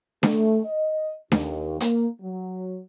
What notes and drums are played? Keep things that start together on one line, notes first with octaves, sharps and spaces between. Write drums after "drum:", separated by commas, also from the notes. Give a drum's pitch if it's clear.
A3, drum: snare D4
D#5
D#2, drum: snare D4
A#3, drum: hi-hat
F#3